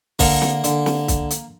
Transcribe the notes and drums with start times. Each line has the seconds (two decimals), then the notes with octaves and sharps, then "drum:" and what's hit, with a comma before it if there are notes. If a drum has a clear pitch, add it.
0.19 D3 A#3 A#4, drum: kick, open hi-hat
0.42 drum: snare
0.64 D3, drum: hi-hat
0.86 drum: snare
1.08 drum: kick, hi-hat
1.30 drum: hi-hat